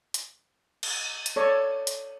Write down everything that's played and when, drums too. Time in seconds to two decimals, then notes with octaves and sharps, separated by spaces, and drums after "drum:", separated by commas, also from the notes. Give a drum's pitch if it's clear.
0.14 drum: hi-hat
0.83 drum: cymbal
1.26 drum: hi-hat
1.36 A4 C#5 D5
1.87 drum: hi-hat